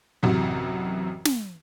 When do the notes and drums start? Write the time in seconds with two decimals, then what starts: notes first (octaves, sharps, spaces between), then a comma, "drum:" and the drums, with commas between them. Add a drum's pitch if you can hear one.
0.23 A1 F#2 C3 F#4
1.25 drum: snare